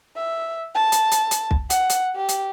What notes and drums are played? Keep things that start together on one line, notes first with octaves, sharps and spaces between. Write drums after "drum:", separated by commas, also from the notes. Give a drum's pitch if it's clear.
E5
A5
drum: hi-hat
drum: hi-hat
drum: hi-hat
drum: kick
F#5, drum: hi-hat
drum: hi-hat
G4
drum: hi-hat